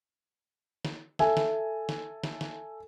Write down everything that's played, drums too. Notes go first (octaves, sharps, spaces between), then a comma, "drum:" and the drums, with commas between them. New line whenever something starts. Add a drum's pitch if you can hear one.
drum: snare
A4 E5 G#5, drum: snare
drum: snare
drum: snare
drum: snare
drum: snare